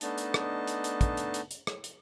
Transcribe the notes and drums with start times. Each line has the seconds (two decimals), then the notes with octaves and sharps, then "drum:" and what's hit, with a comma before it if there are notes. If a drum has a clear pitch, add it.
0.01 A3 B3 D4 D#4 D#5 A5, drum: hi-hat
0.18 drum: hi-hat
0.34 drum: rim click
0.68 drum: hi-hat
0.84 drum: hi-hat
1.01 drum: kick, hi-hat
1.17 drum: hi-hat
1.34 drum: hi-hat
1.51 drum: hi-hat
1.67 drum: rim click
1.84 drum: hi-hat